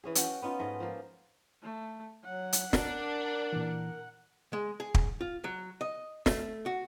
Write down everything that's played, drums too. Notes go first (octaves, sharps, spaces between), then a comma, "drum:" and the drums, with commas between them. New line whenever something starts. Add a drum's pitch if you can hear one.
E3 C#4 G#4
C#4 F#4 F#5 G5, drum: hi-hat
B3 C#4 D#4 F4
G#2 A3 D#5
F3 A#3
A3
F#3 F#5
drum: hi-hat
D4 A#4, drum: snare
A#2 E3
G#3
G#4
drum: kick
F4
F#3
D#5
A3, drum: snare
F#4